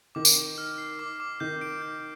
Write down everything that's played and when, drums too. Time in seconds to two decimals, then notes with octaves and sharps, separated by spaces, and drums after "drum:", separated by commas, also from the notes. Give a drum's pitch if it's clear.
0.15 D#3 D6
0.25 drum: tambourine
0.37 D6
0.58 F6
0.78 C7
0.99 D6
1.20 D6
1.40 D#3 G6
1.61 D7
1.82 G6